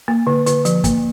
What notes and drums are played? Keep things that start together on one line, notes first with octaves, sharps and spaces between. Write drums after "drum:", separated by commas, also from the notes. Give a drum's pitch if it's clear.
A#3
D3
D3, drum: hi-hat
F3, drum: hi-hat
A#3, drum: kick, hi-hat